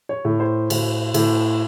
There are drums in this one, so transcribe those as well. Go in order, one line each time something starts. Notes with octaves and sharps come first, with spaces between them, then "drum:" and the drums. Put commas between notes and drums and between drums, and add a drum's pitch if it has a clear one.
C#5
A2
C5
A2, drum: cymbal
A2, drum: cymbal